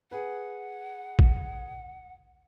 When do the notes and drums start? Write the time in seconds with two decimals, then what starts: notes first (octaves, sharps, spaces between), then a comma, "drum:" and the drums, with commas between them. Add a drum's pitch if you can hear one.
0.11 G#4 B4 F#5
1.19 drum: kick A#1